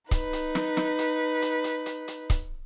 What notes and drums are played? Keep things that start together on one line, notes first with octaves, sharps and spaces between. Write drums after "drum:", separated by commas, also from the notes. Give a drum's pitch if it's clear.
D#4 B4, drum: kick C#1, hi-hat
drum: hi-hat
drum: snare
drum: snare
drum: hi-hat
drum: hi-hat
drum: hi-hat
drum: hi-hat
drum: hi-hat
drum: kick C#1, hi-hat